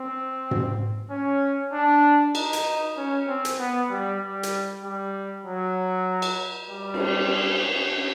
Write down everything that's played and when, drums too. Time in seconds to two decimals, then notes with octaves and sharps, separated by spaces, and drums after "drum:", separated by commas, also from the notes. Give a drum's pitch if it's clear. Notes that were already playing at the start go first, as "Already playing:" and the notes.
Already playing: C4
0.51 drum: tom
1.10 C#4
1.73 D4
2.35 D#4, drum: cymbal
2.53 drum: hi-hat
2.97 C#4
3.28 C4
3.45 drum: hi-hat
3.59 B3
3.90 G3
4.22 G3
4.43 drum: hi-hat
4.84 G3
5.46 F#3
6.22 drum: cymbal
6.71 G3
6.94 drum: cymbal